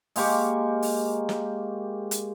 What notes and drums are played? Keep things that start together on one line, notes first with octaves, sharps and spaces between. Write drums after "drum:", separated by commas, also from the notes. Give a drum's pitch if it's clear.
G#3 A#3 G4 C#6, drum: open hi-hat
drum: open hi-hat
drum: snare
drum: hi-hat